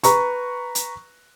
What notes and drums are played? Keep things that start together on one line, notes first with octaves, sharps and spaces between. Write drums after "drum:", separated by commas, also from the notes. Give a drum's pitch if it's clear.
B4 A#5 C#6, drum: hi-hat
drum: hi-hat